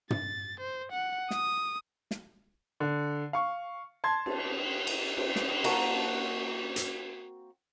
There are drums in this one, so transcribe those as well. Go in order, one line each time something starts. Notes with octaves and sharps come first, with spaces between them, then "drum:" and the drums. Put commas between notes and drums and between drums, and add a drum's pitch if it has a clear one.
A6, drum: tom
C5
F#5
D#6, drum: snare
drum: snare
D3
F5 C#6
A5 C6 G#6
drum: cymbal
drum: cymbal
drum: cymbal
drum: snare
A#3 C4 F#4 A5, drum: cymbal
drum: hi-hat